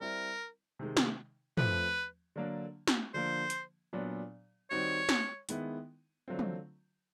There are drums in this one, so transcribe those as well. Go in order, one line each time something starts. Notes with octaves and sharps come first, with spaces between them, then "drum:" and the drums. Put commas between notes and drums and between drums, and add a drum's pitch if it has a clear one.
G3 C4 E4 A#4
C3 D#3 G#3
drum: snare
F3 A3 C4 B4, drum: tom
D3 F#3 A#3 D4
drum: snare
D3 F3 A#3 C5
drum: hi-hat
A#2 F#3 B3 D4
D#3 G3 C4 D#4 F#4 C#5
drum: snare
D#3 G#3 B3 E4, drum: hi-hat
D3 F#3 A3 C4 F4
drum: tom